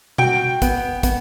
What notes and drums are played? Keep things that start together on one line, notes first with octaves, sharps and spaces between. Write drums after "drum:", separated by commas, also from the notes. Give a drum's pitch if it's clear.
F#4 G5, drum: tom B2
B3, drum: kick, hi-hat
B3, drum: kick, hi-hat